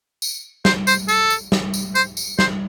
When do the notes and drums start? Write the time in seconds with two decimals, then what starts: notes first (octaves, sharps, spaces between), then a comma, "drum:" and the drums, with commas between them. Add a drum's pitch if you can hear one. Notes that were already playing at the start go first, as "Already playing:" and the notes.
0.22 drum: tambourine
0.65 C5, drum: snare
0.87 C5, drum: tambourine
1.08 A4, drum: tambourine
1.30 drum: tambourine
1.52 drum: snare
1.74 drum: tambourine
1.95 C5, drum: tambourine
2.17 drum: tambourine
2.39 C5, drum: snare